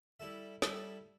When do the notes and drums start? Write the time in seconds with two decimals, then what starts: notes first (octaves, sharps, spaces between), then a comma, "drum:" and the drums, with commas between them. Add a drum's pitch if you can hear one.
0.20 G3 E4 A4 E5
0.62 G3 E4 A4 E5, drum: snare